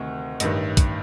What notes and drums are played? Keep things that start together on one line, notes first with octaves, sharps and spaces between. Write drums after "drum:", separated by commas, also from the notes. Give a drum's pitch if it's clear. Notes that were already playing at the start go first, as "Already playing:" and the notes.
Already playing: D2 C3 D#3
A1 G2 D#3 D#5, drum: hi-hat
drum: kick, hi-hat